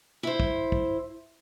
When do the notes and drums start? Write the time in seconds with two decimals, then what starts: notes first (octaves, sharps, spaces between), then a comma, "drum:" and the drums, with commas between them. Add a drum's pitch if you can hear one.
0.23 E4 C5
0.40 drum: kick
0.72 drum: kick